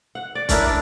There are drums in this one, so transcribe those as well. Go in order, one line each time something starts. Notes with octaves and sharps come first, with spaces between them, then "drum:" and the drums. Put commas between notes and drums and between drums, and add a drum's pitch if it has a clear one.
F#5
D5
C#4 D4 E4 A#4, drum: kick, hi-hat
D4